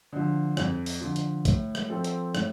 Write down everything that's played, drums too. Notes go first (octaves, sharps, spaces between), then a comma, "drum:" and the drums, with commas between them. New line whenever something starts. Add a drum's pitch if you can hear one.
D3 F3
F2, drum: rim click
drum: open hi-hat
D3 F3
drum: hi-hat
A2, drum: kick, hi-hat
drum: rim click
F3 C4 A4
drum: hi-hat
A2, drum: rim click